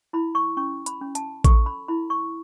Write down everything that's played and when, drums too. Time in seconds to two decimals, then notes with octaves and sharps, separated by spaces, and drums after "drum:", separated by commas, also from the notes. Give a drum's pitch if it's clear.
0.13 E4 B5
0.35 C#6
0.57 C#4 C#6
0.86 B5, drum: hi-hat
1.01 C#4
1.15 A5, drum: hi-hat
1.44 A4 C#6, drum: kick A1, hi-hat
1.66 B5
1.88 E4 B5
2.10 C#6